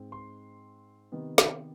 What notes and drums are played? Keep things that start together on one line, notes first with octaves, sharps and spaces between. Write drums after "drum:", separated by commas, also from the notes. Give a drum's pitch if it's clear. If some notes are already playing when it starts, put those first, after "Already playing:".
Already playing: G#2 C4
C6
C3 D#3 B3
drum: snare